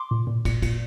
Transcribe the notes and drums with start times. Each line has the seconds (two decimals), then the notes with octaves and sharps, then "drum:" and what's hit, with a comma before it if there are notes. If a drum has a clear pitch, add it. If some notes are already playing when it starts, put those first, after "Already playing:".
Already playing: C6 D6
0.11 A#2
0.27 A#2
0.45 A#2, drum: kick, cymbal
0.62 A#2, drum: kick, cymbal